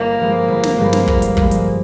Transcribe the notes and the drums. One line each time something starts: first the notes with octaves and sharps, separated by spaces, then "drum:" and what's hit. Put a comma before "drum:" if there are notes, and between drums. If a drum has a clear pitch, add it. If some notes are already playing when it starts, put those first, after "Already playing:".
Already playing: G1 A#3
G2 F3 G#3
G1
drum: snare
G2 F3 G#3
drum: snare
G1, drum: kick
drum: hi-hat
G2 F3 G#3, drum: kick
drum: hi-hat